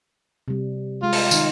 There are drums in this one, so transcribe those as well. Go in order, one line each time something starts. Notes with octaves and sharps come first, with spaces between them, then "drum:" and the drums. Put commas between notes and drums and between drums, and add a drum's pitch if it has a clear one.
C3 G3
G#3 F4
drum: open hi-hat
D#3 D#4, drum: tambourine